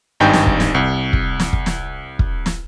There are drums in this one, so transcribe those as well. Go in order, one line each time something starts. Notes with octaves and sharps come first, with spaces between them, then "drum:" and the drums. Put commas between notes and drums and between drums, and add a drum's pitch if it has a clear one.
G#1 G2 D#4 G5 G#5 G6
drum: snare
drum: kick
drum: snare
C2
drum: kick
drum: snare
drum: kick
drum: snare
drum: kick
drum: snare